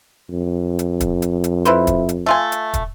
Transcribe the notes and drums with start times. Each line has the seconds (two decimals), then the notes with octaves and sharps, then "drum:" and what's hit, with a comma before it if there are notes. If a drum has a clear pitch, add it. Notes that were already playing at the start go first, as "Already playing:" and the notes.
0.31 F2
0.79 drum: hi-hat
1.00 drum: kick, hi-hat
1.22 drum: hi-hat
1.44 drum: hi-hat
1.65 E4 B4 C5, drum: hi-hat
1.87 drum: kick, hi-hat
2.09 drum: hi-hat
2.26 A3 F4 G#5
2.52 drum: hi-hat
2.74 drum: kick, hi-hat